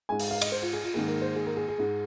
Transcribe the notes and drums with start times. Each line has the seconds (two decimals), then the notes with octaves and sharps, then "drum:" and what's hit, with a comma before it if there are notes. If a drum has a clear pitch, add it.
0.09 G#2 G#3 G#5
0.20 F5, drum: open hi-hat
0.31 F5
0.41 D#5, drum: cymbal
0.52 C5
0.62 F4
0.73 G#4
0.84 F4
0.94 G#2 D#3 A#3 G#4
1.08 A#4
1.22 C5
1.36 G#4
1.46 A#4
1.57 G#4
1.68 G#4
1.78 G#2 G#3